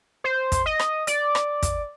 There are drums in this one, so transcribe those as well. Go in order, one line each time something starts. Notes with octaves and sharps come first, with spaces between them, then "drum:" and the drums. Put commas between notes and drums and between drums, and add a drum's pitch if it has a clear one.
C5
drum: kick, hi-hat
D#5
drum: rim click
D5, drum: hi-hat
drum: rim click
drum: kick, hi-hat